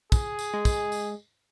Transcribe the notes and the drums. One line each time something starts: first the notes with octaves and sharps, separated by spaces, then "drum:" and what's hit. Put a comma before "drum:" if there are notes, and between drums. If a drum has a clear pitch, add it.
G#4, drum: kick, tambourine
drum: tambourine
G#3
drum: kick, tambourine
drum: tambourine